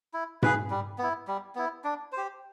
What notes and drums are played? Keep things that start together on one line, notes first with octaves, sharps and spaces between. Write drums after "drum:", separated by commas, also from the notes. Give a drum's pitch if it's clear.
E4
G#4 B4, drum: tom G#2
G3
B3 E4
G3
B3 E4
D4
G4 C5